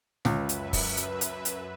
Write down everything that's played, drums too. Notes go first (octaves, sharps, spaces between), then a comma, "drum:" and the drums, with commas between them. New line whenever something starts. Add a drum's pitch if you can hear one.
C#2 F#2 B4 E5, drum: snare
drum: hi-hat
drum: kick, open hi-hat
drum: hi-hat
drum: hi-hat
drum: hi-hat